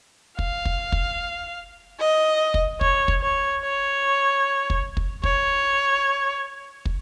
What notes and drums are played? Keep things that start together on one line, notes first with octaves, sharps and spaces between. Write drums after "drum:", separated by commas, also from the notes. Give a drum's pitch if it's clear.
F5, drum: kick
drum: kick
drum: kick
D#5
drum: kick
C#5, drum: kick
drum: kick
C#5
C#5
drum: kick
drum: kick
C#5, drum: kick
drum: kick